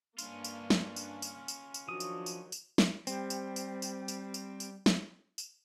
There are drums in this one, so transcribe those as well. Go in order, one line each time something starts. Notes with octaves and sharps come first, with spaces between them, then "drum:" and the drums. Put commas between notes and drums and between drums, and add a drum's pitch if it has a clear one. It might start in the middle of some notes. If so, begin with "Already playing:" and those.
G2 G3 A#3 C#4 D4 F4, drum: tambourine
drum: tambourine
drum: snare
drum: tambourine
drum: tambourine
drum: tambourine
drum: tambourine
D#3 F3 F#3 D4 F#4 D#6
drum: tambourine
drum: tambourine
drum: tambourine
drum: snare
G3 C4, drum: tambourine
drum: tambourine
drum: tambourine
drum: tambourine
drum: tambourine
drum: tambourine
drum: tambourine
drum: snare
drum: tambourine